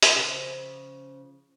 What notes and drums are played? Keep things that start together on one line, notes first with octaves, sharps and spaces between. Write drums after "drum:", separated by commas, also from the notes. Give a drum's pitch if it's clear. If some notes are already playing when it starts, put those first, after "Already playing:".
drum: hi-hat
C#3 F3